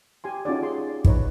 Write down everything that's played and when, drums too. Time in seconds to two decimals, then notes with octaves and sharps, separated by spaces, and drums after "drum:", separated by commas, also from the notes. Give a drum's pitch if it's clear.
0.24 G4 G#5 C6
0.45 C#4 D#4 F4 F#4 G#4 D5
0.63 G#4 C6
1.05 D#4 B4 C#5 A#5, drum: kick